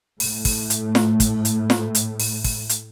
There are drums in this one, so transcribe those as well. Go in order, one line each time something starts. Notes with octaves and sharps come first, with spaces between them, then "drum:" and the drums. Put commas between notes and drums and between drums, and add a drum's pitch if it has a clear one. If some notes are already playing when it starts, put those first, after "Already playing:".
A2 A3, drum: open hi-hat
drum: kick, open hi-hat
drum: hi-hat
drum: snare
drum: kick, hi-hat
drum: hi-hat
drum: snare
drum: hi-hat
drum: open hi-hat
drum: kick, open hi-hat
drum: hi-hat